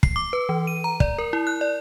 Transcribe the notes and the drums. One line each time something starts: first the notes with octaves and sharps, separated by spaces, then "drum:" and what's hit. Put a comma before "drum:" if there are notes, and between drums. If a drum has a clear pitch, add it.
C7, drum: kick
D6
B4
E3
D#7
A#5
D5, drum: kick
A#4
E4
F#6
D5